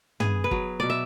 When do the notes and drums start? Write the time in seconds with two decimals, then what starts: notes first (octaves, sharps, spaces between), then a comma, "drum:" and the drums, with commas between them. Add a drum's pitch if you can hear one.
0.20 B3 G#4, drum: tom
0.44 B4
0.51 F#3, drum: kick
0.80 B2 D5
0.90 E5